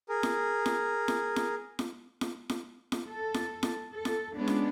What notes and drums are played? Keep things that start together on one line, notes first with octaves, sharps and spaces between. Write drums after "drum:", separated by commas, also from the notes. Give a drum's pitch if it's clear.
G#4 A#4
drum: snare
drum: snare
drum: snare
drum: snare
drum: snare
drum: snare
drum: snare
drum: snare
A4
drum: snare
drum: snare
A4
drum: snare
G#3 B3 C#4 D4
drum: snare